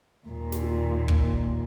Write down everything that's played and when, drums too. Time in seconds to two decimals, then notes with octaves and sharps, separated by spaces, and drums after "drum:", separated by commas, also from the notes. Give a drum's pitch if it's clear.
0.24 D#2 A#2
0.52 drum: snare
1.08 drum: kick